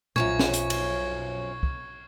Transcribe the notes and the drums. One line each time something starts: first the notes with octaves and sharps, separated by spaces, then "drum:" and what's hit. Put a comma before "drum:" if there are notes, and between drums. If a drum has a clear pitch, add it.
B1 F#2 F3 C#4 C#6 G#6, drum: tom A#2
drum: snare
drum: hi-hat
drum: cymbal
drum: kick